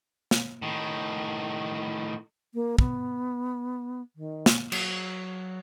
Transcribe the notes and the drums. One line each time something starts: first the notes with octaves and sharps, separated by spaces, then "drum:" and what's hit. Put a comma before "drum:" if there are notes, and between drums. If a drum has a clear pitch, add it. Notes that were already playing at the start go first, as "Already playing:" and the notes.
drum: snare
A2 D#3
A#3
B3, drum: kick
D#3
drum: snare
F#3, drum: cymbal